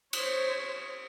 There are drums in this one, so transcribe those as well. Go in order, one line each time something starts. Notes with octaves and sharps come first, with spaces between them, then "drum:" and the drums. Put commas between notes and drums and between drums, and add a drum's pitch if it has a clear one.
C5 C#5, drum: cymbal